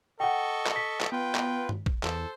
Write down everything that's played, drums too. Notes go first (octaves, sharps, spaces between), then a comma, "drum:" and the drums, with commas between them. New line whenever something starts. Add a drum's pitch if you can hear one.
A4 D#5 F#5 G5 C#6
drum: clap
B6
drum: clap
B3 F4 B4 G5
drum: clap
drum: tom G2
drum: kick A1
E2 A4 C5, drum: clap